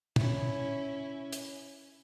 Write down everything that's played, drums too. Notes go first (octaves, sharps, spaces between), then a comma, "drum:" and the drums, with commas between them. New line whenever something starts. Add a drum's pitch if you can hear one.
C#4 E4, drum: tom
drum: hi-hat